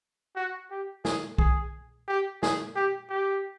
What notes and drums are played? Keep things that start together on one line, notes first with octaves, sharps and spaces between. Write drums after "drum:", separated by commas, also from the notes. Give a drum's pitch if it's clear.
F#4
G4
G#4, drum: snare
G#4, drum: kick B1
G4
G#4, drum: snare
G4
G4